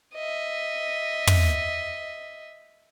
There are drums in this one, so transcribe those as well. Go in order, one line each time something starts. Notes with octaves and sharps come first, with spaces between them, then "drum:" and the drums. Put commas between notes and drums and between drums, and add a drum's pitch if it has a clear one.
D#5 E5
drum: tom